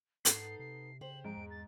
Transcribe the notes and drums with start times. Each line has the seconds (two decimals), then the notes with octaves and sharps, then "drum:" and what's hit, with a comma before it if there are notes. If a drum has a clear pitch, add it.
0.25 G#2 B3 D#4 A4 C7, drum: hi-hat
0.59 C3 C7
1.01 C#3 G4 C5 F#7
1.24 G#2 F3 D7
1.37 E2
1.51 A6